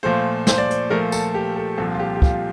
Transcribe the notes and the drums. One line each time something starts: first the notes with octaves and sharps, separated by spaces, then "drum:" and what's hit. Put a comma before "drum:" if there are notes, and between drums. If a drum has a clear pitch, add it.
A#2 F3 A3 C5
C5, drum: snare
D5
C5, drum: hi-hat
A#2 F3 A3 A#4
A4, drum: tambourine
G4
A4
C2 A#2 F3 A4
F4
G4
G4
F4, drum: kick